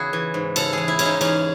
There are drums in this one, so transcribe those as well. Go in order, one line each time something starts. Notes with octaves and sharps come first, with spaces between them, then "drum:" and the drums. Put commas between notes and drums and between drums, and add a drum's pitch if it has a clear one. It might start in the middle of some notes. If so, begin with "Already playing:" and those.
Already playing: E2 C#3 E4 F#4 G#4
E3
G#2
C#3 A4, drum: cymbal
E2 G#4
E4
C#3 C#4, drum: cymbal
D#4
E2 C#4, drum: cymbal